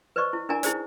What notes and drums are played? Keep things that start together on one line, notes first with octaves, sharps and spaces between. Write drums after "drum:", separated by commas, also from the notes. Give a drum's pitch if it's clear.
B4 C5 D5 D#5 C#6
E4
D4 E4 A#4 D5 G#5 A#5
D#4 E4 G#4 C5 D5, drum: hi-hat